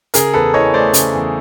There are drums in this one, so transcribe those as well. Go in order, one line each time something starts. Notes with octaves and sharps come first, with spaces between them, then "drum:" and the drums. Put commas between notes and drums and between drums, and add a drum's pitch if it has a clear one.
C#3 G#4 A#4, drum: hi-hat
E2 A4 B4
E3 C#5 D#5
A3 C5 D5
C#3, drum: hi-hat
E2